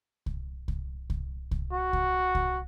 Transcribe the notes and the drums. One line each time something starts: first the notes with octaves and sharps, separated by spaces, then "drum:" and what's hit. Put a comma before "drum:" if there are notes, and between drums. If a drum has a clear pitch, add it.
drum: kick C2
drum: kick C2
drum: kick C2
drum: kick C2
F#4
drum: kick C2
drum: kick C2